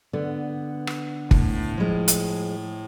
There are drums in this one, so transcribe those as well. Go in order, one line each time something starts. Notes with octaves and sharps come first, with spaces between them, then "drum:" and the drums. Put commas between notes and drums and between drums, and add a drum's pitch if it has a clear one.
D3 B3
drum: rim click
A2, drum: kick G1
F3 G#3
drum: hi-hat